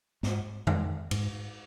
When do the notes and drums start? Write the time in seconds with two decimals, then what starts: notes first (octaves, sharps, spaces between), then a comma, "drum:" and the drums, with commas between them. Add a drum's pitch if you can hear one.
0.23 G#2, drum: snare
0.67 D#3 G#3, drum: tom F2
1.11 G#2, drum: cymbal